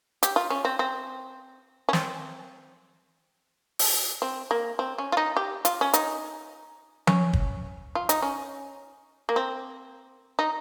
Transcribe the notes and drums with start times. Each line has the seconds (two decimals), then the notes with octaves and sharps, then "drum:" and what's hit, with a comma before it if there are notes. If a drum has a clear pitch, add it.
0.23 G4, drum: hi-hat
0.36 F4
0.50 C#4
0.65 C4
0.79 C4
1.89 C#4
1.93 C4, drum: snare
3.79 drum: open hi-hat
4.22 C4
4.51 A#3
4.79 C4
4.98 C#4
5.12 F4
5.17 D#4
5.37 G4
5.65 F4, drum: hi-hat
5.81 C#4
5.94 D#4, drum: hi-hat
7.07 C#4, drum: tom F3
7.33 drum: kick
7.95 F4
8.09 D#4, drum: hi-hat
8.22 C#4
9.29 A#3
9.36 C4
10.39 D#4